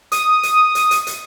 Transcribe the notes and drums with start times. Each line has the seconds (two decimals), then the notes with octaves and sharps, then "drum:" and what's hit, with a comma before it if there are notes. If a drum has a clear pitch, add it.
0.12 D#6, drum: hi-hat
0.43 drum: hi-hat
0.75 drum: hi-hat
0.91 drum: hi-hat
1.07 drum: hi-hat